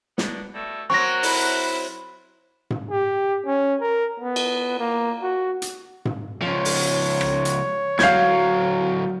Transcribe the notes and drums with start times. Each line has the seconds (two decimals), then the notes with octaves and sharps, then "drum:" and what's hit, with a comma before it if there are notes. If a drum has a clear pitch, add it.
0.18 B2 B3 D4, drum: snare
0.54 B2 G3 A3
0.90 F#3 C4 A#4 F#5 C#6 A#6
1.23 E4, drum: open hi-hat
2.70 drum: tom G#2
2.90 G4
3.46 C#4
3.81 A#4
4.20 B3
4.36 drum: cymbal
4.79 A#3
5.22 F#4
5.62 drum: hi-hat
6.05 drum: tom G#2
6.42 C#2 F3 C#5
6.65 drum: open hi-hat
7.21 drum: rim click
7.45 drum: hi-hat
7.99 D2 F#3 F5 G6 G#6, drum: snare